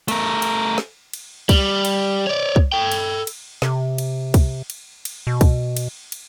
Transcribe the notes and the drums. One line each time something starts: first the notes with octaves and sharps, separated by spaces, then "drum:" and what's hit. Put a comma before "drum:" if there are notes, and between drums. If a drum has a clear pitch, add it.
A3 A#4, drum: cymbal
drum: cymbal
drum: snare
drum: cymbal
G3, drum: kick, cymbal
drum: cymbal
C#5 D5
drum: kick
A4 G5
drum: cymbal
drum: cymbal
C3, drum: snare
drum: cymbal
drum: kick, cymbal
drum: cymbal
drum: cymbal
B2
drum: kick, cymbal
drum: cymbal
drum: cymbal